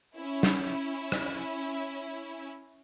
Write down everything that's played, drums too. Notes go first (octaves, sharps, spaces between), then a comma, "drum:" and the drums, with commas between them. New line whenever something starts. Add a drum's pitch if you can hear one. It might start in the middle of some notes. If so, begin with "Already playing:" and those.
C#4 E4
drum: snare
drum: rim click